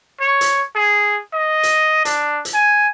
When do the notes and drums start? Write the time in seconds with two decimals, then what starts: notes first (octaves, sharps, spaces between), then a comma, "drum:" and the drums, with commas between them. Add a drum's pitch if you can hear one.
0.20 C#5
0.41 drum: hi-hat
0.76 G#4
1.34 D#5
1.63 drum: hi-hat
2.05 D4, drum: hi-hat
2.45 drum: hi-hat
2.54 G#5